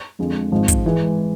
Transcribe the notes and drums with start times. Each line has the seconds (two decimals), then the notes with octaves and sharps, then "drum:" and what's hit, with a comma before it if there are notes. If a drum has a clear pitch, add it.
0.19 F2 D3 F3 G#3
0.52 G#1 G#2 F3
0.68 drum: kick, hi-hat
0.86 E3 G#3